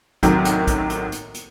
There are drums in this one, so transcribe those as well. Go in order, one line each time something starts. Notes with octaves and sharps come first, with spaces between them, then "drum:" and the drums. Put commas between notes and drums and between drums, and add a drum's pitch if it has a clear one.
F#2 A2 C3 D#3 F#3, drum: kick A#1, hi-hat
drum: hi-hat
drum: kick A#1, hi-hat
drum: hi-hat
drum: hi-hat
drum: hi-hat